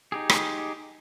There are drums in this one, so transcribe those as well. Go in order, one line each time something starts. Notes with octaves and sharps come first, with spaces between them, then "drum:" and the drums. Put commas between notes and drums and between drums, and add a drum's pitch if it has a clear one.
D#4 G4 G#4
drum: rim click